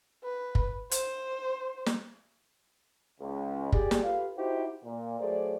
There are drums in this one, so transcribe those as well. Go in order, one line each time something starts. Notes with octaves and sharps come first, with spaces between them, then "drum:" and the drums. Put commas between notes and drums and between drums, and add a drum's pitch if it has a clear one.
B4
drum: kick
C5, drum: hi-hat
drum: snare
C#2
G4 G#4 D5, drum: kick
drum: snare
F4 G4 A4 B4 F5
D#4 E4 F#4 G4 C5
A#2
F#3 A3 G#4 C5 D5